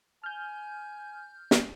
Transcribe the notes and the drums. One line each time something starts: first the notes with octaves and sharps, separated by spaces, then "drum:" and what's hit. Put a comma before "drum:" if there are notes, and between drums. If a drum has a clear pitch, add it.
G#5 F6 G6
drum: snare